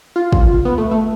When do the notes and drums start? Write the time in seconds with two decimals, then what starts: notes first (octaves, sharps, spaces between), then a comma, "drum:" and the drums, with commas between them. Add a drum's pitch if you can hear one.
0.16 F4
0.32 drum: kick
0.65 B3
0.78 A3
0.91 A3